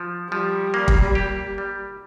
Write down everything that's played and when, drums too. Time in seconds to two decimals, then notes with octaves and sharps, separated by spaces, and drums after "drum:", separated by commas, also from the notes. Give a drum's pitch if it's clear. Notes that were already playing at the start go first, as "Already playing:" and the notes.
Already playing: F3
0.32 F3 G3
0.74 A#3
0.88 drum: kick
1.15 G4
1.58 G3